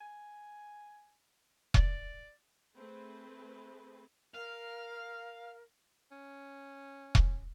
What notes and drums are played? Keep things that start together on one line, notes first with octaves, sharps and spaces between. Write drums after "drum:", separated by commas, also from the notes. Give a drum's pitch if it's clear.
G#5
D5, drum: kick E1
A3 C4 G#4 B4
A#4 F5
C#4
drum: kick E1